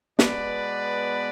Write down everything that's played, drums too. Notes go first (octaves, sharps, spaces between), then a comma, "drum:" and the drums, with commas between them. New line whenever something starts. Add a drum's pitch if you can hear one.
B2 G#3 B3 B4 D5, drum: snare